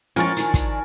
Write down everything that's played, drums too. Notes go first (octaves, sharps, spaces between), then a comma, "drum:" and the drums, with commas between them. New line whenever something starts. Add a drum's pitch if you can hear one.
A2 F3 G#3 C#4 A#4 G#5 C#6 A6
D#3 D4, drum: hi-hat
drum: kick, hi-hat